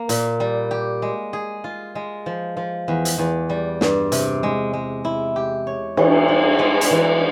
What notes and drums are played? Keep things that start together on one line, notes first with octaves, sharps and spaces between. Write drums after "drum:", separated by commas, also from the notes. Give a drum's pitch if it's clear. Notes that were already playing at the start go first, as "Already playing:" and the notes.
Already playing: A#3
A#2, drum: hi-hat
G3
G4
G#3
G#4
F4
G#3
F3
F3
E2
drum: hi-hat
E2
G3
G2, drum: snare
C3, drum: hi-hat
G#3
G#3
E4
G4
C#5
E3, drum: cymbal
G3
G#3
drum: hi-hat
E3